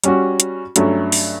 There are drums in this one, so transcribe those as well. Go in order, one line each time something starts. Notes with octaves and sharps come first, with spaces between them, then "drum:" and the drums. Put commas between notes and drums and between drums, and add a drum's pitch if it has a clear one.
G3 C#4 F#4, drum: hi-hat
drum: hi-hat
G2 F#3 A3 C#4, drum: hi-hat
drum: open hi-hat